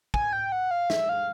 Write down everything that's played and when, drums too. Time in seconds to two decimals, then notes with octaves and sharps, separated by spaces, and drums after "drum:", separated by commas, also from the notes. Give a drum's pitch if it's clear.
0.14 G#5, drum: kick
0.33 G5
0.52 F#5
0.71 F5
0.90 E5, drum: snare
1.09 F5